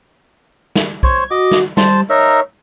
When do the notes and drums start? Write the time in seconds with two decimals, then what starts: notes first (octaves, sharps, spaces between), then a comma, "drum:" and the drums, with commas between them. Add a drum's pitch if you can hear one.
0.76 drum: snare
1.03 C5 C#5 G#6, drum: kick
1.31 F#4 D#5 D6
1.51 drum: snare
1.77 G3 C5 A5, drum: snare
2.10 D#4 A#4 C#5 E5